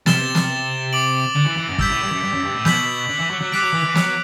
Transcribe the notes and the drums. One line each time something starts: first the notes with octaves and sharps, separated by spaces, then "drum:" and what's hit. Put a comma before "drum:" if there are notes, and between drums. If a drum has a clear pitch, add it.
C3 A6 E7 G7, drum: snare
drum: snare
D6 A6 D7 F#7
D3
E3
E3
F#2
G2 E6 G6 B6, drum: kick
A2
G2
F#2
G2
F#2
G2
A2
B2 G6 B6 F#7, drum: snare
D3
E3
F#3
F#3
G3 D6 F#6 B6 D7
F#3
E3
E3
F#3, drum: snare